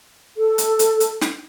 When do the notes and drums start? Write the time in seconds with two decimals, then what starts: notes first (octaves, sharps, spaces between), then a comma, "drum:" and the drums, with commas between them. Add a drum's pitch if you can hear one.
0.37 A4
0.58 drum: hi-hat
0.79 drum: hi-hat
1.00 drum: hi-hat
1.21 drum: snare